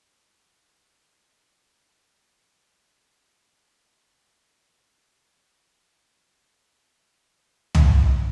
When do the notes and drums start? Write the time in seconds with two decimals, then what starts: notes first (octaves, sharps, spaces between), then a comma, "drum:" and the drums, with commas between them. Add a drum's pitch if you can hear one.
0.15 F#4
0.40 F2
0.55 B3
0.92 F4
1.07 B2
1.52 F5
1.77 F3
1.93 D#3
2.30 A4
2.90 F4 A#4 B4 A#5
3.43 D4 G4
3.79 B4 G#6
4.78 D#4 E4
5.52 C2 B3 F4 G4 G#4 B4 D5 G6
7.75 drum: tom